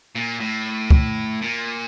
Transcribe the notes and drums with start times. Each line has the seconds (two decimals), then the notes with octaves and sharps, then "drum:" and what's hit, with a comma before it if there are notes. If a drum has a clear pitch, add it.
0.15 A#2
0.40 A2
0.91 drum: kick
1.41 A#2